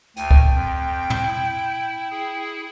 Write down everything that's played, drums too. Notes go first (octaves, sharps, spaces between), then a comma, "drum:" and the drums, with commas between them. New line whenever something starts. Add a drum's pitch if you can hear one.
D2 G5 G#5, drum: hi-hat
drum: kick C#2
F2
drum: tom
E4
E4 G#4